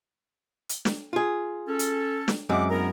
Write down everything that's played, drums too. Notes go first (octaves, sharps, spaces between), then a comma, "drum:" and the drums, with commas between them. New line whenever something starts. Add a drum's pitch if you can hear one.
drum: hi-hat
drum: snare
F4 G#4
C#4 A4
drum: hi-hat
drum: snare
F#2 G#3 C4 E5 F#5 D6
B3 E4 A#4